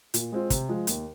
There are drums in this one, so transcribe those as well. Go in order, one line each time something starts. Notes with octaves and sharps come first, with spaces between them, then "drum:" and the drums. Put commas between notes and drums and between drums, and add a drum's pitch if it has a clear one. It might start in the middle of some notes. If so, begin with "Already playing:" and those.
A#2, drum: hi-hat
G#3 C4 F4
C3, drum: kick, hi-hat
F3 G#3
D#2, drum: hi-hat